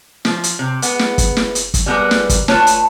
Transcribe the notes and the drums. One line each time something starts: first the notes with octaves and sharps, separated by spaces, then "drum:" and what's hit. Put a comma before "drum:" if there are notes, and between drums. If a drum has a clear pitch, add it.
F3, drum: snare
drum: hi-hat
C3
G#3 B3, drum: hi-hat
drum: snare
drum: kick, hi-hat
drum: snare
drum: hi-hat
drum: kick, hi-hat
G3 G#3 B3 G4 A#4 B4
drum: snare
drum: kick, hi-hat
A3 F4 B4 C#5 A5, drum: snare
drum: hi-hat